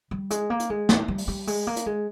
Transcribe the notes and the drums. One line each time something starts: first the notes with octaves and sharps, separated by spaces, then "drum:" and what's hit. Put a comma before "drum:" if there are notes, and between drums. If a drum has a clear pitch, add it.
G3
G#3, drum: hi-hat
A#3
drum: hi-hat
G#3
drum: snare
G3
drum: open hi-hat
G3
G#3, drum: open hi-hat
A#3
drum: hi-hat
G#3